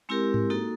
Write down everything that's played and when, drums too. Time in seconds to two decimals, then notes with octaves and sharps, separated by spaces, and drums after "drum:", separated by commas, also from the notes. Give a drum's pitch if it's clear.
0.09 G#3 C4 E4 G4 A#4
0.34 drum: tom G#2
0.50 A#3 D#4 F#4 A4